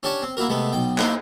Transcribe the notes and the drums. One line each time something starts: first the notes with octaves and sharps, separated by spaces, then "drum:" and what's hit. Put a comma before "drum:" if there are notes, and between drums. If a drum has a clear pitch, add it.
C#4 D4 G4 C#5 A5
C4
A#3 E4 F#4 A#4
C3 G#3 A3 B3
B1 B2 G5
A#3 D#4 E4 A#4 C5, drum: clap